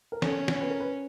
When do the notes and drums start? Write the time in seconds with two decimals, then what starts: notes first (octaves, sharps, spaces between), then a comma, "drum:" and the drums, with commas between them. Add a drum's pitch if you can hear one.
0.12 A#4
0.22 C#4 A4, drum: snare
0.48 drum: snare
0.60 B4
0.70 A#4
0.80 B4